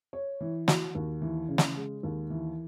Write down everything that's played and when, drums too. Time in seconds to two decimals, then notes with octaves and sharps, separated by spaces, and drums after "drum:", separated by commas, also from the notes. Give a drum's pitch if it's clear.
0.13 C#5
0.41 E3
0.68 F#4, drum: snare
0.95 D#2
1.22 E3
1.48 C#3
1.58 drum: snare
1.76 G#3
2.03 D#2
2.30 E3